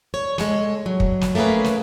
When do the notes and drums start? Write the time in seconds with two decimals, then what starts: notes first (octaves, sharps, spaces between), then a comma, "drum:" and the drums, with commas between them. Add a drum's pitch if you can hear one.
0.14 C#5
0.38 G#3 A4 C#5, drum: snare
0.86 F#3
1.00 drum: kick
1.21 drum: snare
1.35 A3 A#3 C#4 G#4 B4
1.64 drum: snare